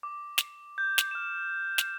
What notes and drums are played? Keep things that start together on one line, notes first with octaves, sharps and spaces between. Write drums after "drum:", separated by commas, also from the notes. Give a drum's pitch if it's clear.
D6
drum: snare
G6
drum: snare
F6 E7
drum: snare